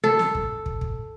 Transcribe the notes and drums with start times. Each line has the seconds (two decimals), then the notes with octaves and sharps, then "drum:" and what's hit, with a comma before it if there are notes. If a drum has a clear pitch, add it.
0.04 A4
0.19 drum: snare
0.35 drum: kick
0.66 drum: kick
0.81 drum: kick